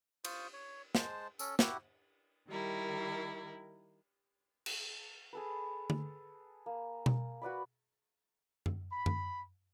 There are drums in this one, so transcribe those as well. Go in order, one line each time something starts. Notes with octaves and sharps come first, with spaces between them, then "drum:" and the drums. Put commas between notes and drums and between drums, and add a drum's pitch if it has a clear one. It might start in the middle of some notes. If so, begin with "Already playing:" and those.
F4 C5 C#6 D#6, drum: cymbal
C#5
G#3 C5 A5, drum: snare
C#4 A4, drum: tambourine
E4 F#4 G4 F#5, drum: snare
D#3 G3 E4 A#4
drum: cymbal
G#4 A4 B4
drum: tom D3
A#3
drum: tom B2
F#4 B4 D5 B5
drum: tom F#2
B5
drum: tom F#2